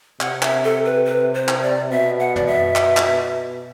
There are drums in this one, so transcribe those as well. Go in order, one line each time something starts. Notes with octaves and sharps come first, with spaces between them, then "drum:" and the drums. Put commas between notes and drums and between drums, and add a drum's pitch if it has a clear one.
C3 F#5, drum: clap
E5, drum: clap
A4
B4
B4
C5
drum: clap
D5
B2 E5
F#5
D5, drum: tom
E5
drum: clap
drum: clap